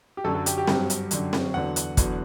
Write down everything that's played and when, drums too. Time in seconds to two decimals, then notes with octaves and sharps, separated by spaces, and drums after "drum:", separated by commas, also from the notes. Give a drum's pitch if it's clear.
0.17 G4
0.24 F#2 D3 F#3 A4
0.35 A4
0.46 G4, drum: hi-hat
0.58 G4
0.68 G2 F#3, drum: snare C4
0.90 drum: hi-hat
1.11 F#2 D3 F#3, drum: hi-hat
1.33 drum: snare C4
1.54 E2 D3 F#3 F#5
1.76 drum: hi-hat
1.97 E2 D3 F#3, drum: kick, hi-hat